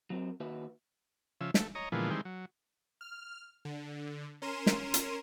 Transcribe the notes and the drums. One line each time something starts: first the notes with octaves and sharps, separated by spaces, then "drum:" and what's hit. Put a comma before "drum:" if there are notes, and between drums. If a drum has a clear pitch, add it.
F#3 C4 A#4
D#2 F#4 B4 E5
C#3 F3 E5
A3, drum: snare
C#5 D#5 A#5
A#2 D3 E3 F3 G#3 B3
D#3 E3 G3 G#3 C4
F#3
F6
D3
C#4 A#4 C6 D#7 E7
drum: snare
drum: hi-hat